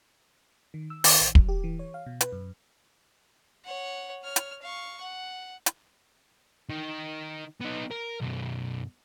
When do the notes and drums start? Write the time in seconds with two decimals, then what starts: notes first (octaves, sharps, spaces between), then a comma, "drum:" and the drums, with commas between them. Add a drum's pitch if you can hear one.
0.74 D#3
0.90 E6
1.04 D#3, drum: open hi-hat
1.21 A1
1.35 F#3, drum: kick
1.49 G4
1.64 E3
1.79 C#5
1.94 F5
2.06 B2
2.21 B4, drum: hi-hat
2.32 F#2
3.65 C#5 F#5
4.23 C#5 F6
4.36 drum: hi-hat
4.62 F5 C#6
5.01 F#5
5.66 drum: hi-hat
6.69 D#3
7.61 B3 D#4
7.91 A#4
8.21 B1 F#2